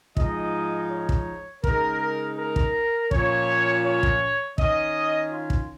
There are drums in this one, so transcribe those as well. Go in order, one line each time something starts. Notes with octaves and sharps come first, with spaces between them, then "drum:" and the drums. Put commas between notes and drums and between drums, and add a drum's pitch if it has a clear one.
G#2 F3 G#3 D#4 D#5, drum: kick
C#5
drum: kick
C#3 G#3 D#4 A#4, drum: kick
A#4
drum: kick
A#2 F3 C#4 C#5, drum: kick
C#5
drum: kick
D#3 C#4 D#5, drum: kick
F4
drum: kick